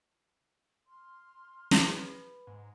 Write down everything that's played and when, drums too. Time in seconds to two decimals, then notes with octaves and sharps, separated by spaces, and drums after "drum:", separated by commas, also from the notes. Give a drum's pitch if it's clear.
0.87 C6 F6
1.71 B4 B5, drum: snare
2.47 G#2